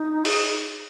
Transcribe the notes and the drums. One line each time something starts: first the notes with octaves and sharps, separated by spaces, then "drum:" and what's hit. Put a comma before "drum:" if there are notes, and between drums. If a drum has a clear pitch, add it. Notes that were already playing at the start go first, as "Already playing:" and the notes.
Already playing: D#4
G#4, drum: open hi-hat